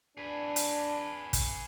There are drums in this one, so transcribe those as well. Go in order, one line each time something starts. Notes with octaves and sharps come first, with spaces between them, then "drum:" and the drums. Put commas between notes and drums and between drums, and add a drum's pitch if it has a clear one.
D4 G#4 B4
drum: hi-hat
drum: kick, hi-hat